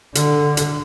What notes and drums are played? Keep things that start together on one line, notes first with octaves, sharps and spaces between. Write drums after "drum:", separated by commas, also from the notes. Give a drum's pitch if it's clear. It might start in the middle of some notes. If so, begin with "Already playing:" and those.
D3, drum: hi-hat
drum: hi-hat